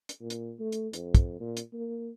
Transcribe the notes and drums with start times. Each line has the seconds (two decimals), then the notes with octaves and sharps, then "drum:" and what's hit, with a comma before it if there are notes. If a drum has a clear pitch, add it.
0.09 drum: hi-hat
0.21 A#2
0.30 drum: hi-hat
0.59 A3
0.72 drum: hi-hat
0.93 F2, drum: hi-hat
1.15 drum: kick, hi-hat
1.40 A#2
1.57 drum: hi-hat
1.73 A#3